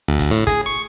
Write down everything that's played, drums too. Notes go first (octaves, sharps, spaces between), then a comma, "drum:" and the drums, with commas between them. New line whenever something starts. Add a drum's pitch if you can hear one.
D2
drum: kick, hi-hat
A2, drum: hi-hat
G#4, drum: kick, hi-hat
C#6